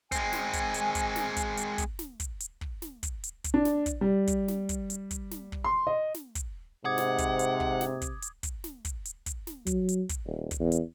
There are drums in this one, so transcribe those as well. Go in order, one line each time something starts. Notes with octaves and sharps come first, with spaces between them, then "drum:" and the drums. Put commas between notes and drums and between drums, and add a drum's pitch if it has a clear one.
G#3 C4 G#5, drum: kick, hi-hat
drum: snare
drum: kick, hi-hat
drum: hi-hat
drum: kick, hi-hat
drum: snare
drum: kick, hi-hat
drum: hi-hat
drum: kick, hi-hat
drum: snare
drum: kick, hi-hat
drum: hi-hat
drum: kick
drum: snare
drum: kick, hi-hat
drum: hi-hat
drum: kick, hi-hat
D4
drum: snare
drum: kick, hi-hat
G3
drum: kick, hi-hat
drum: snare
drum: kick, hi-hat
drum: hi-hat
drum: kick, hi-hat
drum: snare
drum: kick
C6
D#5
drum: snare
drum: kick, hi-hat
G#2 C3 F#5 D6 D#6 G#6
drum: snare
drum: kick, hi-hat
drum: hi-hat
drum: kick
drum: snare
drum: kick, hi-hat
drum: hi-hat
drum: kick, hi-hat
drum: snare
drum: kick, hi-hat
drum: hi-hat
drum: kick, hi-hat
drum: snare
F#3, drum: kick, hi-hat
drum: hi-hat
drum: kick, hi-hat
D#1
drum: kick, hi-hat
E2
drum: hi-hat